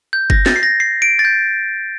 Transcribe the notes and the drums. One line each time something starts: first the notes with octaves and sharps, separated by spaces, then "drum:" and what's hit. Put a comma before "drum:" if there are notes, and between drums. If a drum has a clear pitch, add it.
G6
A#6, drum: kick G1
A6, drum: snare
C7
A#6
C7
D7
A6
G6